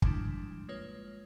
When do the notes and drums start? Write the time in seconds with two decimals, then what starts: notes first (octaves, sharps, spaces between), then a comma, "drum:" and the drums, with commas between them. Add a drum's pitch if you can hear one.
0.02 D3 F3 G3 G#3 D4 E4, drum: kick
0.69 G#3 A#3 F4 B4 C#5